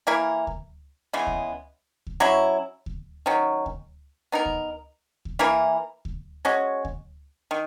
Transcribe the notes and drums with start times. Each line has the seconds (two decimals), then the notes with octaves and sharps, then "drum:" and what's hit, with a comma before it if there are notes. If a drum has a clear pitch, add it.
0.07 E3 A#3 E4 A#4
0.47 drum: kick D2
1.13 C#3 E3 G#3 B3
1.27 drum: kick D2
2.07 drum: kick D2
2.20 F#3 C#4 E4
2.86 drum: kick D2
3.26 D#3 F#3 C#4
3.66 drum: kick D2
4.32 B3 D#4 A#4
4.46 drum: kick D2
5.25 drum: kick D2
5.39 E3 A#3 E4 A#4
6.05 drum: kick D2
6.45 G#3 C#4 F#4
6.85 drum: kick D2
7.51 D#3